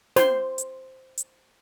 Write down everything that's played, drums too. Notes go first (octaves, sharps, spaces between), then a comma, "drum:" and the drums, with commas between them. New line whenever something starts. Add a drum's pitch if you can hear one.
C5 C6, drum: snare
drum: hi-hat
drum: hi-hat